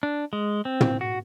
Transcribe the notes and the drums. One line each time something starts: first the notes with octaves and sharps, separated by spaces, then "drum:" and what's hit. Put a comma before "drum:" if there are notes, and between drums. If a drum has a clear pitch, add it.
D4
G#3
C4
drum: tom
F#4